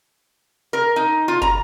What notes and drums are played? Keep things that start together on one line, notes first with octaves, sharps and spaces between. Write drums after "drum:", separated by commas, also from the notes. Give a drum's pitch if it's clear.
A#4
D#4
F4
A#5, drum: kick